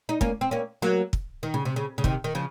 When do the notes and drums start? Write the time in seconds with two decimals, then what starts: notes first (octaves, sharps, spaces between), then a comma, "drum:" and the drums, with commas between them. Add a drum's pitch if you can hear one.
0.09 D#4
0.21 A#3 C#4, drum: kick
0.41 C4
0.51 A#3 C#4
0.82 F#3 A#3
1.13 drum: kick
1.43 D#3
1.54 C#3
1.65 C3
1.76 C#3
1.98 C#3
2.04 C3 D#3, drum: kick
2.24 D#3
2.35 C#3 F3